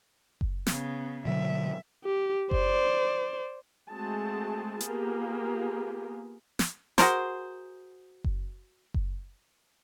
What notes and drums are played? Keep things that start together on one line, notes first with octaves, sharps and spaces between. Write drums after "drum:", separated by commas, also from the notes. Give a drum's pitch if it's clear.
drum: kick F#1
C#3 B3, drum: snare
B2 D3 F#3 E5
G4
C5 D5, drum: kick F#1
G#3 A3 C4 F#4 G#4 A5
A#3 B3 F4 G4 G#4, drum: hi-hat
drum: snare
F#4 G#4 A#4 C5, drum: snare
drum: kick F#1
drum: kick F#1